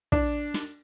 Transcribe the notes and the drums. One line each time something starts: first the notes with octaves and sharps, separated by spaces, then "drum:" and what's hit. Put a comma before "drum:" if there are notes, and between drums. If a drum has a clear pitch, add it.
D4, drum: kick
drum: snare